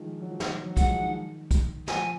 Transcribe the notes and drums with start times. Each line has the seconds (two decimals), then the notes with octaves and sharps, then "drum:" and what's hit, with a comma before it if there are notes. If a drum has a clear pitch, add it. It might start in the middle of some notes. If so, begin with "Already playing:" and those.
Already playing: D#3 F3 G#3
0.20 F#3
0.30 F3
0.40 D#3, drum: snare
0.52 F#3
0.65 F#3
0.77 G#3 F#5, drum: kick, hi-hat
0.89 F3
1.02 D#3
1.51 drum: kick, hi-hat
1.87 F3 G#5, drum: snare